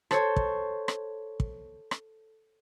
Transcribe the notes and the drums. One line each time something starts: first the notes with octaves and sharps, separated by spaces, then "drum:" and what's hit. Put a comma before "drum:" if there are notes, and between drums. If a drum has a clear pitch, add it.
A4 C5 C#5, drum: rim click
drum: kick
drum: rim click
drum: kick
drum: rim click